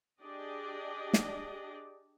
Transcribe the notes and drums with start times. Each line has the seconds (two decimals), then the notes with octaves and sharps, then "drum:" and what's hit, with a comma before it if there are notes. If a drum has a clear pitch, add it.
0.21 D4 G4 G#4 D5 D#5
1.13 drum: snare